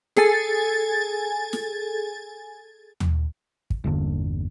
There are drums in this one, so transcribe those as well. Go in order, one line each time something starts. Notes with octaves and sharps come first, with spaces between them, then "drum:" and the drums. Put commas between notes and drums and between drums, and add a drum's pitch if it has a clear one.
G#4 A4 G#5 A6, drum: snare
drum: snare
drum: tom D#2
drum: kick
G1 E2 D3 A#3